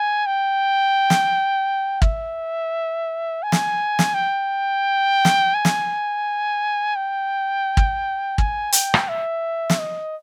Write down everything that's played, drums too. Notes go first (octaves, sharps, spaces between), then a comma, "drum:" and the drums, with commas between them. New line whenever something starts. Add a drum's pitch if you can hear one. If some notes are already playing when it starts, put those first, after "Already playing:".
Already playing: G#5
G5
drum: snare
E5, drum: kick
G#5
drum: snare
drum: snare
G5
drum: snare
G#5
drum: snare
G5
drum: kick
G#5, drum: kick
G5, drum: hi-hat
drum: rim click
E5
drum: snare
D#5